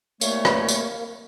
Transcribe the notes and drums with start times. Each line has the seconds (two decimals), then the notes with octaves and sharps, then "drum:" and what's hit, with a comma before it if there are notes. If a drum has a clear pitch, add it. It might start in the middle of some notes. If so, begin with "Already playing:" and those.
0.21 C2 A3 A#3 A#4 C#5 F5, drum: tambourine
0.45 drum: rim click
0.68 drum: tambourine